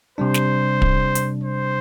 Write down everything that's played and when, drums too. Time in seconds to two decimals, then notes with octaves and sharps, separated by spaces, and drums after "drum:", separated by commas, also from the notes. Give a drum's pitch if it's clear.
0.18 C3 G3 D4 C5
0.34 drum: snare
0.82 drum: kick
1.15 drum: hi-hat
1.43 C5